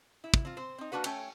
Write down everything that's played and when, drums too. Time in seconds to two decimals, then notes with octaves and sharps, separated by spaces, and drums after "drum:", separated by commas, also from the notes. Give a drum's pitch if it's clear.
0.24 E4
0.34 drum: kick
0.45 C4 F4
0.57 C4 C5
0.78 C4 D#4
0.92 A#3 D4 F#4 B4 F#5
1.04 A3 C#4 C#5 G5, drum: cymbal